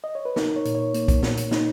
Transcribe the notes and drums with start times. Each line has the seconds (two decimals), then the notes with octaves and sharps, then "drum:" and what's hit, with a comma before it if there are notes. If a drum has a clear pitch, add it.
0.04 D#5
0.15 C#5
0.25 B4
0.36 D#4 A#4, drum: snare
0.56 C#5
0.65 A#2, drum: hi-hat
0.75 C#5
0.94 A#3, drum: hi-hat
1.08 drum: kick, hi-hat
1.23 A#2, drum: snare
1.37 drum: hi-hat
1.51 D#4, drum: snare